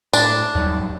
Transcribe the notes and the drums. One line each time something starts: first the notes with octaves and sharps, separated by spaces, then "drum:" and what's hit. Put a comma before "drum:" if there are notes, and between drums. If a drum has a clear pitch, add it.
A2 D4, drum: tambourine
D#2 G#2 F#3 G3